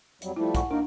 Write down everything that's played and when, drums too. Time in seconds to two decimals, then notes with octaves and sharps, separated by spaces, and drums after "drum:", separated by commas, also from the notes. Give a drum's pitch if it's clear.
0.22 F2 F#3 G3, drum: hi-hat
0.36 F3 G3 A3 E4
0.55 F#5 G#5 C#6, drum: kick B1, hi-hat
0.71 A#3 D4 D#4 A#4